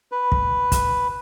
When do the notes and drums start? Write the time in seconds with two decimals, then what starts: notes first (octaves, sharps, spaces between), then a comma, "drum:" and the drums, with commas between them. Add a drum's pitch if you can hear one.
0.12 B4
0.32 drum: kick
0.72 drum: kick, hi-hat